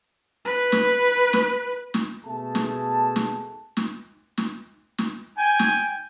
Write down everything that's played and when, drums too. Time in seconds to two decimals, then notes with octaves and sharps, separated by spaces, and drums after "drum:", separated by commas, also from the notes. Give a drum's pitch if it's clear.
0.45 B4
0.72 drum: snare
1.33 drum: snare
1.94 drum: snare
2.24 B2 A3 G#4 A5
2.55 drum: snare
3.16 drum: snare
3.77 drum: snare
4.38 drum: snare
4.98 drum: snare
5.38 G5 G#5
5.59 drum: snare